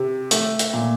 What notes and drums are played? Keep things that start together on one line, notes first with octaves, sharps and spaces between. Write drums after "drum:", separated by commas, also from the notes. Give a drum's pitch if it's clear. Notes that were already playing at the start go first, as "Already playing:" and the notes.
Already playing: C3
A3, drum: hi-hat
drum: hi-hat
A#2